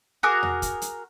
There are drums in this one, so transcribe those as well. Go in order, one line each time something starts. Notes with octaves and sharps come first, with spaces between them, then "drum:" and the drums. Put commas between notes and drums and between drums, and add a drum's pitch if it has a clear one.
F#4 G#4 A#4 D6
drum: tom E2
drum: kick, hi-hat
drum: hi-hat